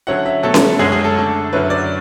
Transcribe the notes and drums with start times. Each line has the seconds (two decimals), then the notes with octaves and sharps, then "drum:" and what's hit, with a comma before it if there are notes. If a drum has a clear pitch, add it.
0.07 D3 F#3 C#4 E4 F#5
0.26 E5
0.43 B2 F#3 A3 A4
0.54 drum: snare C#4
0.79 F#2 D3 G#3 C#4 G#4
0.92 G#4
1.04 A4
1.16 D3 A3 D4
1.53 F#2 D3 F#3 C#4 E4 B4
1.70 D5